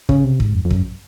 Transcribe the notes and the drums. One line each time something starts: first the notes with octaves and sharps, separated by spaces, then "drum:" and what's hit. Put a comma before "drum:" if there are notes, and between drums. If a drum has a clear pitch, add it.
C#3, drum: kick
C3
G#2, drum: kick
F2
F2
F#2, drum: kick